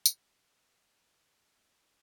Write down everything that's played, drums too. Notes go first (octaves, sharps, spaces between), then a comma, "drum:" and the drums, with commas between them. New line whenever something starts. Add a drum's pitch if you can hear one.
D#2 G#2 C#3, drum: tambourine
G3 A3
A#1 D#3 E3 A#3 D#4
C#3